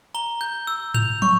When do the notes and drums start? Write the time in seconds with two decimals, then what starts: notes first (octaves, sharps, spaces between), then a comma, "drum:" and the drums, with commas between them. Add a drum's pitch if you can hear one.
0.15 A#5 G7
0.41 G6
0.67 E6
0.94 G6 F7, drum: tom G#2
1.22 C#6, drum: tom